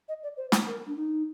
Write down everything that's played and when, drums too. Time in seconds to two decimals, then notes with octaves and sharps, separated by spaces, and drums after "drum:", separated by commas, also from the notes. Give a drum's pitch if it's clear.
0.08 D#5
0.23 D5
0.37 C5
0.52 drum: snare
0.67 A#4
0.87 D4
0.96 D#4